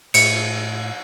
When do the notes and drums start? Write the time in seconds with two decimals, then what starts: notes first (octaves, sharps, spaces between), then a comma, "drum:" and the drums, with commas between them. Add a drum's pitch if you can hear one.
0.14 A2 C#7, drum: cymbal